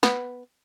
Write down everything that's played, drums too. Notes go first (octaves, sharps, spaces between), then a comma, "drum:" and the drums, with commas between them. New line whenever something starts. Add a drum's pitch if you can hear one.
B3, drum: snare